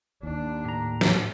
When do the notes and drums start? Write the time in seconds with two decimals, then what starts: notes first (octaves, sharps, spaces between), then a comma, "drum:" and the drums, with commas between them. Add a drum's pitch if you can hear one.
0.23 D#2 D4
0.65 A2 A#5
1.01 G#2 F3, drum: snare